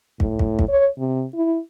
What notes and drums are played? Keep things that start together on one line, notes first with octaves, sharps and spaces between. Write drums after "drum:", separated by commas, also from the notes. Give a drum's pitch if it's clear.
A2, drum: kick
drum: kick
drum: kick
C#5
C3
E4